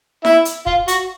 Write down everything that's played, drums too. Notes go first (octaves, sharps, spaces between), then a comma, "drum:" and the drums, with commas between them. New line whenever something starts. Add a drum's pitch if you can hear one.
E4, drum: snare E4
drum: hi-hat
F4, drum: kick
F#4, drum: hi-hat